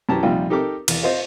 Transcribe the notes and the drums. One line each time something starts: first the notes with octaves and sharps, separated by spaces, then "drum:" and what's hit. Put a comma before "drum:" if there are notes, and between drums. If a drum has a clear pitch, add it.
F#2 E3 G4 A5 A#5
A#1 C3 G3 D#4 F4 G5
D#4 G4 A4 A#4 D6
E2, drum: cymbal
F4 C5 D#5